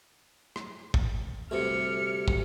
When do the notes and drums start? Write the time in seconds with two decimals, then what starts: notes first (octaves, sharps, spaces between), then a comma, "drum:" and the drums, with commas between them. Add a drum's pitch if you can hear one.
0.56 drum: rim click
0.94 drum: kick
1.51 D2 G2 C3 F6 C#7
2.28 drum: kick